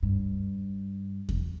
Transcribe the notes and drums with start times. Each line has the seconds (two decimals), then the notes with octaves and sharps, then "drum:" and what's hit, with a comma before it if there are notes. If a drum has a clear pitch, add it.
0.03 G2
1.29 drum: kick E2